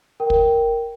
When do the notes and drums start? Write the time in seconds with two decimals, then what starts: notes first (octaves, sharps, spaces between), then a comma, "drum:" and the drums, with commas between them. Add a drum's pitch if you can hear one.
0.20 A#4 G5
0.30 drum: kick